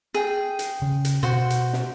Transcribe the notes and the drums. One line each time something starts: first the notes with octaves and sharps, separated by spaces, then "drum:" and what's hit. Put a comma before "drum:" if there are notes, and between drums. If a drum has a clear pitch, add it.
G#4 G5
drum: hi-hat
C#3 C#4
drum: hi-hat
B2 F#4 C5
drum: hi-hat
drum: snare